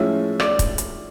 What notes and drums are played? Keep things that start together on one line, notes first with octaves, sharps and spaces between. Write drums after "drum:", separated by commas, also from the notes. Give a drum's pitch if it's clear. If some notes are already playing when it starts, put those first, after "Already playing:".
Already playing: A2 F3 G#3 C#4 E5
D5, drum: rim click
drum: kick, hi-hat
drum: hi-hat